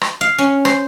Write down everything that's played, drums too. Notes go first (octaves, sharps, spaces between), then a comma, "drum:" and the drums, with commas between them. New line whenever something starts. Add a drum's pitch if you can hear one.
drum: rim click
F5
C#4
C5, drum: rim click